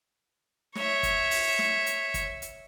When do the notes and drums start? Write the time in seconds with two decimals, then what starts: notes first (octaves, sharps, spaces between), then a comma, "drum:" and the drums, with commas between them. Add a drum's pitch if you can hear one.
0.75 C#5 E5, drum: snare
1.03 drum: kick, hi-hat
1.31 drum: open hi-hat
1.59 drum: snare
1.86 drum: hi-hat
2.14 drum: kick, hi-hat
2.42 drum: hi-hat